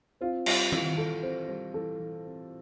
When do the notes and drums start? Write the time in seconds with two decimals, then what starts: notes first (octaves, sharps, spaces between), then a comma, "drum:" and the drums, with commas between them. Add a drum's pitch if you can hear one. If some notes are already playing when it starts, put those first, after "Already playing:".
0.21 C4 F4
0.46 G3 F4, drum: cymbal
0.72 E3 F4, drum: tom D#3
0.97 E3 A4
1.23 C4 C5
1.48 G3 C5
1.74 E3 A4
1.99 E3
2.25 C4